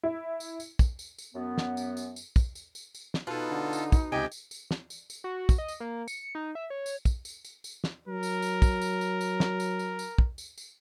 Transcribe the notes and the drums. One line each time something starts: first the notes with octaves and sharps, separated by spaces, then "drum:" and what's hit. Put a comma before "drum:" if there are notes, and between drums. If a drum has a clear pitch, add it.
E4
drum: tambourine
drum: tambourine
drum: kick, tambourine
drum: tambourine
drum: tambourine
F#2 B3
drum: snare
drum: tambourine
drum: tambourine
drum: tambourine
drum: kick, tambourine
drum: tambourine
drum: tambourine
drum: tambourine
drum: snare
B2 D#4 F4 A4 B4
D3
drum: tambourine
drum: kick, tambourine
C#2 C3 G4 D#5 G5 G#5
drum: tambourine
drum: tambourine
drum: snare
drum: tambourine
drum: tambourine
F#4
drum: kick, tambourine
D#5
drum: tambourine
A#3
C#7, drum: tambourine
D#4
E5
C#5
drum: tambourine
drum: kick, tambourine
drum: tambourine
drum: tambourine
drum: tambourine
drum: snare
F#3 A#4
drum: tambourine
drum: tambourine
drum: kick, tambourine
drum: tambourine
drum: tambourine
drum: tambourine
drum: snare
drum: tambourine
drum: tambourine
drum: tambourine
drum: kick
drum: tambourine
drum: tambourine